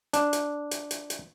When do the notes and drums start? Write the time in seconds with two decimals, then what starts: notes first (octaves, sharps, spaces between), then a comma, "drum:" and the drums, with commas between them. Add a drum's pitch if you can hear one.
0.13 D4, drum: hi-hat
0.33 drum: hi-hat
0.71 drum: hi-hat
0.91 drum: hi-hat
1.10 drum: hi-hat